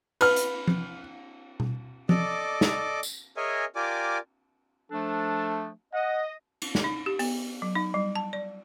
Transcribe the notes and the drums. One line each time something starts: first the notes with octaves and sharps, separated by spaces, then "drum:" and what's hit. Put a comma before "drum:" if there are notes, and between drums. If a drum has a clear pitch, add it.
B4 F6, drum: cymbal
drum: hi-hat
drum: tom F3
drum: tom B2
A4 D5 D#5 D6, drum: tom F3
drum: snare
drum: tambourine
G#4 A#4 C#5 D#5 E5 G#5
F4 G4 A#4 D5 G#5 D6
F3 A3 D4 A4
D#5 F#5
drum: cymbal
drum: snare
D#4
G4
B3, drum: open hi-hat
F#3
D#4
G3
A5
D5